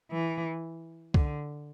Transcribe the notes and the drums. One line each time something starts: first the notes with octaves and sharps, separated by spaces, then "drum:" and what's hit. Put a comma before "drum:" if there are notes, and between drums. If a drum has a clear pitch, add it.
E3
D3, drum: kick C2